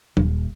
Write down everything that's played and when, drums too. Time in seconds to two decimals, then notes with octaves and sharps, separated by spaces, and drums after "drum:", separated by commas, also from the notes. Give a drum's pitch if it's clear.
0.17 D#1, drum: tom